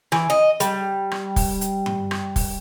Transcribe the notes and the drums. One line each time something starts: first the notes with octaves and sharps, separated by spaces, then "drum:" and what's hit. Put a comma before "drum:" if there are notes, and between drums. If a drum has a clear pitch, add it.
E3, drum: rim click
D#5
G3, drum: hi-hat
drum: rim click
drum: kick, open hi-hat
drum: hi-hat
drum: tom G2
drum: rim click
drum: kick, open hi-hat